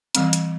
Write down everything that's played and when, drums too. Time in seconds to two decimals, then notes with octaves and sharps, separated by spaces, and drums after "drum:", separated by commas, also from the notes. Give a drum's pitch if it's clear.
0.15 E3 G3 C4, drum: hi-hat
0.33 drum: hi-hat